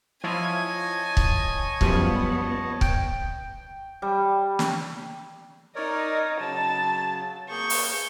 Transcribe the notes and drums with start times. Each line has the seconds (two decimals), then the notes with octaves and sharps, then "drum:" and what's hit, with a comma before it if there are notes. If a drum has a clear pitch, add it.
0.24 F3 E4 F4 C#5 D#5 G#5 A5
1.17 drum: kick C#1
1.81 F#2 F3 G3 B3, drum: kick C#1
2.81 G5, drum: kick C#1
4.02 G3
4.59 drum: snare
5.76 D#4 A#4 C#5 D5
6.40 C#3 F#3 A5
7.50 A#3 G#4 C#6 G6
7.70 drum: open hi-hat